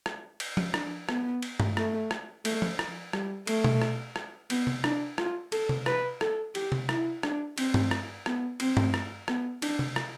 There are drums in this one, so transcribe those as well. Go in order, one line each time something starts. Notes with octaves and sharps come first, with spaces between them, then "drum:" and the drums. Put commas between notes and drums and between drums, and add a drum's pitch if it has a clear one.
drum: rim click
drum: cymbal
drum: tom F3
D4, drum: rim click
B3, drum: rim click
drum: cymbal
drum: tom G2
A3, drum: rim click
drum: rim click
A3, drum: cymbal
drum: tom F3
drum: rim click
G3, drum: rim click
A3, drum: cymbal
drum: tom B2
drum: rim click
drum: rim click
B3, drum: cymbal
drum: tom C3
D4, drum: rim click
F4, drum: rim click
A4, drum: cymbal
drum: tom C3
B4, drum: rim click
A4, drum: rim click
G4, drum: cymbal
drum: tom C3
E4, drum: rim click
D4, drum: rim click
C4, drum: cymbal
drum: tom G2
drum: rim click
B3, drum: rim click
C4, drum: cymbal
drum: tom G2
drum: rim click
B3, drum: rim click
D4, drum: cymbal
drum: tom C3
drum: rim click